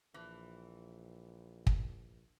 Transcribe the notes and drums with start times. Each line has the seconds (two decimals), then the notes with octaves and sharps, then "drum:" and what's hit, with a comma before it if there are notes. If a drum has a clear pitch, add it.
0.14 A#1 E3
1.67 drum: kick